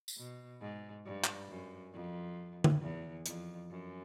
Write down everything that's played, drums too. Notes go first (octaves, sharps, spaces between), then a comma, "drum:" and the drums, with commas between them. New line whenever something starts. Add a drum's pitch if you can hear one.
drum: tambourine
B2
G#2
G2
drum: clap
F#2
F2
drum: tom D3
E2
F2, drum: hi-hat
F#2